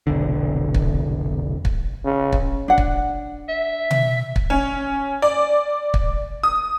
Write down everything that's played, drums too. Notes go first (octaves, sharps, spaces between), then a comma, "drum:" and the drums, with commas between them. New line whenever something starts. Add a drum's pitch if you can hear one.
F1 B1 D3
drum: kick
drum: kick
C#3
drum: kick
D4 F#5
drum: kick
E5
drum: tom B2
drum: kick
C#4
D5
drum: kick
D#6